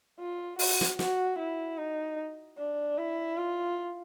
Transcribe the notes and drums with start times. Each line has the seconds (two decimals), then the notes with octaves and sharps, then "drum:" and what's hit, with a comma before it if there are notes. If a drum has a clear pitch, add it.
0.19 F4
0.59 F#4, drum: open hi-hat
0.81 drum: snare
0.99 F#4, drum: snare
1.39 E4
1.78 D#4
2.58 D4
2.98 E4
3.37 F4